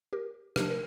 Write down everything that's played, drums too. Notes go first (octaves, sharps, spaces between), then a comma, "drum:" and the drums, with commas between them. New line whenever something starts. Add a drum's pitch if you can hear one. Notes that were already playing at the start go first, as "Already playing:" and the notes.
G4 A#4
C3 F3 A3 D4 G4 A#4, drum: rim click
A#4